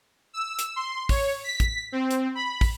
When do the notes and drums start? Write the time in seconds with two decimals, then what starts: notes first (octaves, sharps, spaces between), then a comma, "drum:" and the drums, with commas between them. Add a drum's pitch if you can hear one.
0.33 E6
0.59 drum: hi-hat
0.76 C6
1.09 C#5, drum: kick, open hi-hat
1.44 B6
1.60 drum: kick, hi-hat
1.92 C4
2.11 drum: hi-hat
2.35 B5
2.61 drum: kick, open hi-hat